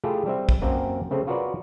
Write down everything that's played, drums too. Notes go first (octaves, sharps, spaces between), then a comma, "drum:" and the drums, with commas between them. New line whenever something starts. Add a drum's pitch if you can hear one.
A3 E4 F4 G4 G#4
G3 C4 E5
drum: kick
F#2 A#3 C4 A#4 F#5 G5
C#3 A3 C4
F4 F#4 A#4 B4 C#5 D5